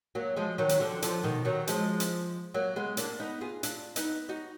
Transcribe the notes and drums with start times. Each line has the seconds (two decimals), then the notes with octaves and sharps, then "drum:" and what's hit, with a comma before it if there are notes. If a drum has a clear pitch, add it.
0.15 F#3 A#3
0.37 F3 G#3
0.58 D#3 F#3
0.69 drum: hi-hat
0.80 D3 F3
1.02 D3 F3, drum: hi-hat
1.23 B2 D#3
1.45 D#3 F#3
1.67 F3 G#3, drum: hi-hat
2.00 drum: hi-hat
2.54 F#3 A#3
2.76 G#3 B3
2.97 A#3 D4, drum: hi-hat
3.19 B3 D#4
3.41 F4 G#4
3.63 D4 F4, drum: hi-hat
3.96 B3 D#4, drum: hi-hat
4.29 D#4 F#4